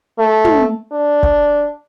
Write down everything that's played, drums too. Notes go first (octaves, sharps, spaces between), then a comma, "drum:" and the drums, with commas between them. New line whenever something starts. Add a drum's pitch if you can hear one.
A3
drum: tom
D4
drum: kick